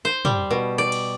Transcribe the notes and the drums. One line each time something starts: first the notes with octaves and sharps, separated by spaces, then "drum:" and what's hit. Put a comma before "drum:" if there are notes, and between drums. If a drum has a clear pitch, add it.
C5
G3, drum: tom
B2
D5
drum: cymbal